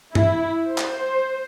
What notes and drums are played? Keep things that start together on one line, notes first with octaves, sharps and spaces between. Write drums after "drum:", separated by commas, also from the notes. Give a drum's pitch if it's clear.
E4, drum: tom G2
C5
drum: clap